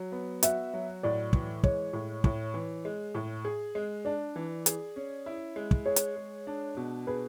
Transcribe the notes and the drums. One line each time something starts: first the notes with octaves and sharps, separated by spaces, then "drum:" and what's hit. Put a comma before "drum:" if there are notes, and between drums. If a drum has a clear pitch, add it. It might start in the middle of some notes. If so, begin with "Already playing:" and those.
Already playing: F#3
B3
F#4 E5, drum: hi-hat
F#3
A2 D5
E3, drum: kick
G#3 C#5, drum: kick
A2
A2, drum: kick
E3
G#3
A2
G#4
G#3
D4 D5
E3
G#4, drum: hi-hat
C#4
E4
G#3
drum: kick
G#4 C#5
drum: hi-hat
G#3
D4
B2
G#4 B4